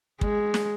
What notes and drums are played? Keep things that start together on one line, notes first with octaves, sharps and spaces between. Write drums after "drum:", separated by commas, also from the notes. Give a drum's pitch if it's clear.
G#3, drum: kick
drum: snare